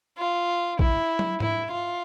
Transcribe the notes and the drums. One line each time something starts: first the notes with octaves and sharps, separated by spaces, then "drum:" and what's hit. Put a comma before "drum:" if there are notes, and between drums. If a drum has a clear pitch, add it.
F4
E4, drum: kick
drum: tom
E4, drum: tom
F4